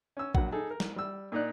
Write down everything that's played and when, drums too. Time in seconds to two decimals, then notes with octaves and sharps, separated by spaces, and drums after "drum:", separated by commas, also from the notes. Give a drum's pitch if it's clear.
0.17 C#4 E6
0.35 A#1 F#3 F#5, drum: kick A1
0.52 D#4 G#4 A4
0.70 A#4
0.80 drum: snare
0.96 G3 E6
1.32 A#2 D4 D#4 D5 F#6